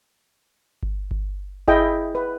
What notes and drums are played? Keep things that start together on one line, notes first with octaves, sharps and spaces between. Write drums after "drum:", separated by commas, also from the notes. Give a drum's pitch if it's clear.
drum: kick G1
drum: kick G1
E4 G#4 D#5 G5, drum: kick G1
B4